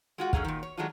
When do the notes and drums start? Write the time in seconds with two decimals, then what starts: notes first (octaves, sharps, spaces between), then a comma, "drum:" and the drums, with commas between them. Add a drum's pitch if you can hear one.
0.18 G#3 F4 F#4
0.33 F#2 D3 C#4 G#4 F5, drum: kick
0.45 A#2 D#3
0.63 C#5
0.77 D#3 F#3 G#3 A3 D4 F4